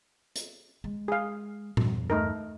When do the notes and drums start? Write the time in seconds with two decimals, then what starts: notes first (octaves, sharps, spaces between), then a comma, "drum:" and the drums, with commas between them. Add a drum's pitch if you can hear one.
0.36 drum: hi-hat
0.84 G#3
1.08 G#4 F5
1.77 E2 G2, drum: tom A#2
2.10 A3 D#4 A#4